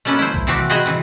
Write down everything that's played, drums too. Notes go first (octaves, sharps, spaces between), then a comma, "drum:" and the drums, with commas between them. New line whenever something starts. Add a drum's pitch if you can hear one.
A3 A#3 C#4 A4 B4
E4 C5
drum: kick B1
C3 E3 F3 C4 F#4 G4
F#4 G#4 B4 C5 D#5 E5
C3 E3